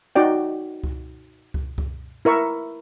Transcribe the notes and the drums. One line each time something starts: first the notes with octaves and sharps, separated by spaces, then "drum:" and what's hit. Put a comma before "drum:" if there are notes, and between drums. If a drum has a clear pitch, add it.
D#4 F#4 D5 G5
drum: kick C#2
drum: kick C#2
drum: kick C#2
E4 A#4 E5 C#6